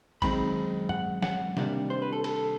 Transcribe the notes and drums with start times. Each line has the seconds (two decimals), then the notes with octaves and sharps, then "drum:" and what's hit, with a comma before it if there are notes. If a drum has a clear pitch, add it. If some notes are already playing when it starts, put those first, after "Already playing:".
0.22 F#2 D#3 G#3 C4 D#4 B5, drum: kick A1, cymbal
0.89 F#5, drum: tom
1.22 F#5, drum: snare
1.57 C3 D#3 G3 A#3 D4, drum: snare
1.90 C5
2.02 B4
2.13 A4
2.24 A4, drum: cymbal